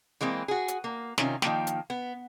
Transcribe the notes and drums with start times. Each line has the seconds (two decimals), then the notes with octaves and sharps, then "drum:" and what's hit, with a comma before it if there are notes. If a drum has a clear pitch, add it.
0.21 E3 G#3 A#3 C4
0.48 F#4 G#4
0.68 drum: hi-hat
0.84 A#3
1.18 C3 D#3 C#4 F4, drum: snare
1.42 D#3 F3 A#3 G5, drum: snare
1.67 drum: hi-hat
1.90 B3